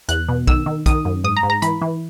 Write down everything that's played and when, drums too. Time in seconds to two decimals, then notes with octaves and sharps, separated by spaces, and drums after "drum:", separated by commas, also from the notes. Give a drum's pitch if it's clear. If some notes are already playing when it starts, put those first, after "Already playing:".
0.08 E2 F#6, drum: hi-hat
0.29 B2
0.47 D#3 E6, drum: kick
0.66 D#3
0.86 D#3 D#6, drum: kick, hi-hat
1.05 F#2
1.24 G#2 D#6
1.37 A#5
1.43 G#2
1.50 A#5
1.62 E3 B5, drum: hi-hat
1.82 E3